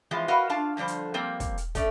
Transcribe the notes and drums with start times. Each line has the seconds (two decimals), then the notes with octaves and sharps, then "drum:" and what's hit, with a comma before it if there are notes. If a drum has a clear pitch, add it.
0.11 E3 F3 G#3 C4 F4
0.28 F#4 A#4 B4 D#5 F5
0.49 D4 F4 F5 A5
0.77 D3 F3 G3 D4 C5
0.88 drum: hi-hat
1.14 F3 G3 A#3 C4
1.40 drum: kick, hi-hat
1.57 drum: hi-hat
1.75 A3 C#4 D5, drum: kick, hi-hat